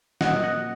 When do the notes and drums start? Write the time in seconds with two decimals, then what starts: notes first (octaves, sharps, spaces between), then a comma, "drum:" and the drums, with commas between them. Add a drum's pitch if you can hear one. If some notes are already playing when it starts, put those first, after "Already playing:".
0.21 A#2 F#3 A#3 D#5 F#5, drum: snare
0.44 D#5 F#5